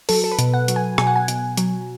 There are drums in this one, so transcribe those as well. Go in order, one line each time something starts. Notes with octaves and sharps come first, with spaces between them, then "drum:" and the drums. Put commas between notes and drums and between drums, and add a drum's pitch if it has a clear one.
F#3 A4, drum: open hi-hat
A4
B4
B2, drum: hi-hat
F#5
F#3, drum: hi-hat
G#5
B2 G#5, drum: rim click
F#5
G#5
B2, drum: hi-hat
F#3, drum: hi-hat